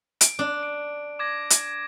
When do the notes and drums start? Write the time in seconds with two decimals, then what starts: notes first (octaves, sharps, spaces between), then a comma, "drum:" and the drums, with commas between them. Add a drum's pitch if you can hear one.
0.21 D7, drum: hi-hat
0.39 D4
0.63 D7
1.19 D6 G#6 A#6
1.50 drum: hi-hat